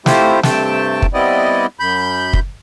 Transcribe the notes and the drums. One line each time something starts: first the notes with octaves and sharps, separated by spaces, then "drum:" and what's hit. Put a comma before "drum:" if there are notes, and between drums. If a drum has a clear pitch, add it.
A3 C4 E4 F4 G4 C5, drum: snare
G2 C3 A3 C4 G5 A5, drum: snare
drum: kick
G3 B3 C4 E4 D5 D#5
F#2 B5 G6
drum: kick